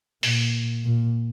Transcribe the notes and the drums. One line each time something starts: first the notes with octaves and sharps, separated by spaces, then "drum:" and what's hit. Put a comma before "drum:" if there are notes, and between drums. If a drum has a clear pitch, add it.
A#2, drum: open hi-hat
A#2